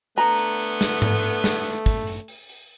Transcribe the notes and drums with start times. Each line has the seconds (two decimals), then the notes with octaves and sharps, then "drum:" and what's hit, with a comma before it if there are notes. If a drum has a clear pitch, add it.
0.18 D3 A3 B3 A#5, drum: hi-hat
0.39 drum: hi-hat
0.60 drum: open hi-hat
0.81 drum: snare
1.02 drum: tom G#2
1.23 drum: hi-hat
1.44 drum: snare
1.65 drum: hi-hat
1.86 drum: kick, hi-hat
2.07 drum: hi-hat
2.28 drum: open hi-hat
2.49 drum: open hi-hat